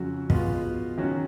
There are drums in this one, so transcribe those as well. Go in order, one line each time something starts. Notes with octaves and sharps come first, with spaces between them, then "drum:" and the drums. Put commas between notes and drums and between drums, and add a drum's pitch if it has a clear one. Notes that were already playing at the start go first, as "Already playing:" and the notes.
Already playing: F2 C#3 F#3 C#4 F#4
B2 G#3 B3 F4, drum: kick
D#3 F#3 C#4 F#4